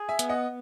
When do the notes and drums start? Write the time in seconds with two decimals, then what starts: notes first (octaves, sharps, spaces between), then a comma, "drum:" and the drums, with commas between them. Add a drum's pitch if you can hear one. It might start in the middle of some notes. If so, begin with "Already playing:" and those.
Already playing: G#4
0.09 E5 G#5
0.19 B3, drum: hi-hat
0.29 D#5 F#5